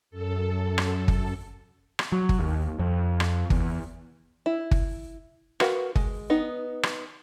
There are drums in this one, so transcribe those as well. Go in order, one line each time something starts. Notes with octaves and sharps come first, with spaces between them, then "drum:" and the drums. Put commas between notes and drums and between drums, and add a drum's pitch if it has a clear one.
F#2 A4
drum: rim click
drum: kick G1
drum: rim click
F#3
drum: kick G1
D#2
F2
drum: rim click
E2, drum: kick G1
E4
drum: kick G1
F#4 A#4 B4 F5 F#5, drum: rim click
G#3, drum: kick G1
B3 D#4
drum: rim click